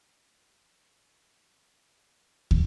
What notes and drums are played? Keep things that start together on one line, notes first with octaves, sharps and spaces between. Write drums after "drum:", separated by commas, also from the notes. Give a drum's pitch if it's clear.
G3
C4 G4 C5
G3
C4 G4 C5
E2
E3 A#3 F4 C5
E2
E3 A#3 F4 C5
E2
C3 F3 A3 E4
drum: kick